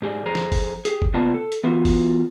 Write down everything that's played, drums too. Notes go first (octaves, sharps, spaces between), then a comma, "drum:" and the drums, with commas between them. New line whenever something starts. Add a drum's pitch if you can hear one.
G#2 G4 G#4 D5
F2 G#4 C5 A#5
drum: snare
drum: kick G1, open hi-hat
G4 G#4, drum: hi-hat
drum: kick G1
C3 A#3 B3 F4 D5 A5
A4
drum: hi-hat
E3 B3 F4 F#4
drum: kick G1, open hi-hat